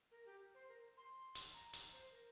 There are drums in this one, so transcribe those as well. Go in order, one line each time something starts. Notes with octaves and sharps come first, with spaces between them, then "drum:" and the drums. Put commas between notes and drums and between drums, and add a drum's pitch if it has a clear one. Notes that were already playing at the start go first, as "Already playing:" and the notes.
A#4
G4
C5
A#4
C6
drum: hi-hat
A#5
drum: hi-hat
C5
A#4